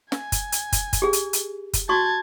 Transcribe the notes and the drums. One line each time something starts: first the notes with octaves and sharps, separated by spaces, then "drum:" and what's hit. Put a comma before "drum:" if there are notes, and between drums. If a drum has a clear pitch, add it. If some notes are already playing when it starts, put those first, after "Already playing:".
G#5, drum: snare
drum: kick, hi-hat
drum: hi-hat
drum: kick, hi-hat
drum: kick, hi-hat
G4 G#4
drum: hi-hat
drum: hi-hat
drum: kick, hi-hat
F#4 A5 C#6 G#6